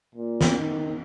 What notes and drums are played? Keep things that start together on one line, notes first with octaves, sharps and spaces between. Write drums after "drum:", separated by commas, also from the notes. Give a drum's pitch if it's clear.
A#2
drum: snare
D#3